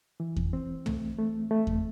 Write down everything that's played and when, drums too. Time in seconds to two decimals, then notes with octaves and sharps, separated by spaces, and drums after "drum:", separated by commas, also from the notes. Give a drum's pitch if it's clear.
0.20 E3
0.36 drum: kick E2
0.53 C4
0.86 A3, drum: tom
1.19 A3
1.51 A3
1.67 drum: kick E2